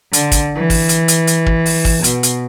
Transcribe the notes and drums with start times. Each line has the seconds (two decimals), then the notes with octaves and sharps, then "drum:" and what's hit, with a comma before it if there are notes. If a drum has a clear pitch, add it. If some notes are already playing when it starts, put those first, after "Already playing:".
0.13 D3, drum: hi-hat
0.32 drum: kick, hi-hat
0.56 E3
0.70 drum: kick, open hi-hat
0.89 drum: hi-hat
1.08 drum: hi-hat
1.27 drum: hi-hat
1.46 drum: kick
1.66 drum: open hi-hat
1.85 drum: kick, open hi-hat
2.04 B2, drum: hi-hat
2.23 drum: hi-hat